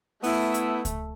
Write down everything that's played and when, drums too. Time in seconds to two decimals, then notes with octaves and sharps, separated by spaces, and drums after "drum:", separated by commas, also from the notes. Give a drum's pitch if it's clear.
0.23 A3 B3 E4, drum: open hi-hat
0.54 drum: hi-hat
0.85 drum: kick C#2, hi-hat